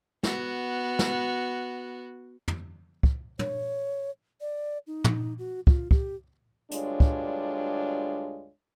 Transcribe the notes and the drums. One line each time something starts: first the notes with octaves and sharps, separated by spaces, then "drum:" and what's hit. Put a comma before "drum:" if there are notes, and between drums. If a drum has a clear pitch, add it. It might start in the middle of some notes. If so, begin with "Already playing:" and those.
B3 F#4, drum: snare
drum: snare
drum: tom
drum: kick
C#5, drum: tom
D5
D#4
drum: tom
F#4
F4, drum: kick
G4, drum: kick
D2 G2 G#3 D4 F4 C#5, drum: hi-hat
drum: kick